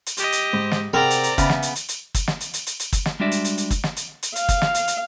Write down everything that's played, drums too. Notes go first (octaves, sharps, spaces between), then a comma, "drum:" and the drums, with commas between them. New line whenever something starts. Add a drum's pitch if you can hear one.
drum: hi-hat
G4 D#5, drum: hi-hat
drum: hi-hat
G#2 C5
drum: snare
C3 C4 G#4 A#4 D5 F#5 A#5
drum: hi-hat
drum: hi-hat
C#3 B3 E5, drum: kick, hi-hat
drum: snare
drum: hi-hat
drum: hi-hat
drum: hi-hat
drum: kick, hi-hat
drum: snare
drum: hi-hat
drum: hi-hat
drum: hi-hat
drum: hi-hat
drum: kick, hi-hat
drum: snare
G3 G#3 D4 F#4 D5 E5
drum: hi-hat
drum: hi-hat
drum: hi-hat
drum: kick, hi-hat
drum: snare
drum: hi-hat
drum: hi-hat
F5, drum: hi-hat
drum: kick, hi-hat
drum: snare
drum: hi-hat
drum: hi-hat